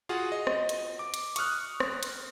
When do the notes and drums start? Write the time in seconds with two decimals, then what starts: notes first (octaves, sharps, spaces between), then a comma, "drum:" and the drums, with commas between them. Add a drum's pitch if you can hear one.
0.09 F4 F#4 G#4 F5 F#5
0.32 D#5
0.47 drum: rim click
0.69 drum: hi-hat
0.99 D6
1.14 drum: hi-hat
1.36 C#6 D#6 F6 F#6, drum: hi-hat
1.80 drum: rim click
2.03 drum: hi-hat